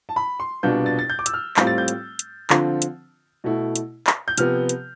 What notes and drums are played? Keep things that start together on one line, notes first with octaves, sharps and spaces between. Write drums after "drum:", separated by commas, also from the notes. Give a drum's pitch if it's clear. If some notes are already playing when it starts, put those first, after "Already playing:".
A5
B5
C6
C2 B2 B3 D4 F4 G6
A6
A6
G6
D6
E6, drum: hi-hat
F6
A2 G3 C4 F4 G6, drum: clap
A6
G6
drum: hi-hat
drum: hi-hat
D3 F3 C4 F4, drum: clap
drum: hi-hat
B2 A3 E4
drum: hi-hat
drum: clap
G6
C3 F3 B3 F6, drum: hi-hat
drum: hi-hat